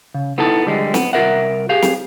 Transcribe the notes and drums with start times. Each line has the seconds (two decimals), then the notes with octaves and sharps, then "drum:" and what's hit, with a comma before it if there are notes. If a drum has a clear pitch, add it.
0.14 C#3
0.38 B3 D#4 E4 A4 A5
0.66 D3 F3 G3 G#3
0.94 B3, drum: snare
1.13 C2 F4 A#4 E5 F#5
1.69 G4 G#4 F5
1.82 drum: snare